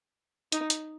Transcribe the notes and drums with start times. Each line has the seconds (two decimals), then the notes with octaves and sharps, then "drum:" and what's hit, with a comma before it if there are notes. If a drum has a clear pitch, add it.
0.52 D#4, drum: hi-hat
0.70 drum: hi-hat